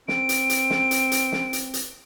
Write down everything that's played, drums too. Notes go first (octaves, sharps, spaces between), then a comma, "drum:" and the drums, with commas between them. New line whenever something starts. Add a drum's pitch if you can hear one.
C4 D7, drum: snare
drum: hi-hat
drum: hi-hat
drum: snare
drum: hi-hat
drum: hi-hat
drum: snare
drum: hi-hat
drum: hi-hat